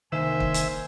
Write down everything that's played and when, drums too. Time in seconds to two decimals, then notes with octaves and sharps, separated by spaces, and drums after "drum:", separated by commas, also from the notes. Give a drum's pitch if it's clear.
0.12 C2 D#3 A#3 C5 E5 G#5
0.40 drum: kick
0.54 drum: hi-hat